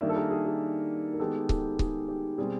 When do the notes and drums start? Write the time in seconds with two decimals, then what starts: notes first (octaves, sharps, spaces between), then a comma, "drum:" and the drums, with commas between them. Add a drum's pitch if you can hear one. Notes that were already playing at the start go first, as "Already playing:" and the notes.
0.01 D#3 G3 A#3 D4 D5 E5
0.09 A4
0.16 G#4 A#4
0.31 G#4
0.45 G#4
1.13 A#4
1.19 D#3 G#3 B3 G4 A4
1.49 G4 A4, drum: kick C#1
1.79 G#4, drum: kick C#1
2.08 G4
2.38 B2 G3 C4 G#4